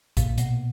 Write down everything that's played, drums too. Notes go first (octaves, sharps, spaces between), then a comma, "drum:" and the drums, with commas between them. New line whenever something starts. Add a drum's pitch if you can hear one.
A#2, drum: kick A1, hi-hat
B2, drum: hi-hat